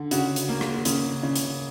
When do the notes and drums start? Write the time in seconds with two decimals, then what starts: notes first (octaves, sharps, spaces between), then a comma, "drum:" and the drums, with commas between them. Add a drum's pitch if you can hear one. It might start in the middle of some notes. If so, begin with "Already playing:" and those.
Already playing: D3
0.11 C#3 F#4, drum: hi-hat
0.36 drum: hi-hat
0.49 A#3
0.61 drum: rim click
0.85 C#3, drum: hi-hat
1.23 C#3
1.36 drum: hi-hat